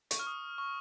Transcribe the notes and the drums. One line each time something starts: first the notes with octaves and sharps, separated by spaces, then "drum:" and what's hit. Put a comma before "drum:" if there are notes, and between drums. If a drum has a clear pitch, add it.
C#6, drum: hi-hat
F6
D#6
C#6